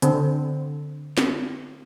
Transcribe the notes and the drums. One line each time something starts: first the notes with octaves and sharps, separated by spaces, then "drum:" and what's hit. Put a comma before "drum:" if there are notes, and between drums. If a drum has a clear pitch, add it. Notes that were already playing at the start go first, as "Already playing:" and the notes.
D3 C4, drum: hi-hat
drum: snare